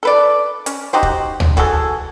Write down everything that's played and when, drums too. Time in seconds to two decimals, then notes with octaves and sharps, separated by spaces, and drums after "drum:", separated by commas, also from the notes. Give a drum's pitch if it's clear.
0.03 A4 B4 D5
0.66 C#4, drum: hi-hat
0.93 D#4 F#4 G4 C5
1.03 drum: kick
1.40 drum: tom
1.57 E3 F#4 G#4 A4, drum: kick